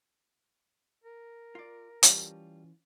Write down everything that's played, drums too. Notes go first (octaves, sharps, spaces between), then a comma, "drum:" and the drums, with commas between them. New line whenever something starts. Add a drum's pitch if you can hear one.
A#4
F4 D5
E3 G3 C#4 F4 A5, drum: hi-hat